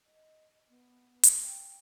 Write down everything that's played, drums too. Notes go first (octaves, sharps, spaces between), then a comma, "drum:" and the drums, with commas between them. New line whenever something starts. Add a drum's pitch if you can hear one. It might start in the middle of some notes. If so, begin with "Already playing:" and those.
D#5
B3
drum: hi-hat
G5